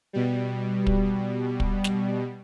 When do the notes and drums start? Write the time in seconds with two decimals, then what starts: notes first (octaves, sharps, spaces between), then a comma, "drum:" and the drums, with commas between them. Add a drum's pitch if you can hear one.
0.13 B2 G3
0.87 drum: kick
1.60 drum: kick
1.84 drum: snare